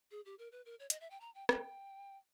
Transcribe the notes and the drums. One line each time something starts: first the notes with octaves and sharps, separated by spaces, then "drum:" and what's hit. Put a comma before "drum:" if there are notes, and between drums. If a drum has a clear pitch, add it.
G#4
G4
A#4
B4
A#4
C#5
D#5, drum: hi-hat
E5
G5
A#5
G5
G5, drum: rim click